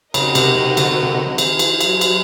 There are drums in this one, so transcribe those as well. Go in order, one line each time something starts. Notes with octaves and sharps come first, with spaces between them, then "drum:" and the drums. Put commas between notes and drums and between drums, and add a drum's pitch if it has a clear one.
C#3 C4 D#4 F#4 A#4 D#5, drum: cymbal
C3, drum: cymbal
C3
D3, drum: cymbal
B2
C3
C#3
D3
D#3 D#4 G#4 C5, drum: cymbal
E3, drum: cymbal
F#3, drum: cymbal
F#3, drum: cymbal